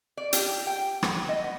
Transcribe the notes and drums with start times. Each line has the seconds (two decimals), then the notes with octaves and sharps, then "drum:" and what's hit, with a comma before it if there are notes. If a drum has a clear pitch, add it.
0.17 D5
0.33 G4, drum: hi-hat
0.67 G5
1.03 B3, drum: rim click
1.29 D#5
1.44 B3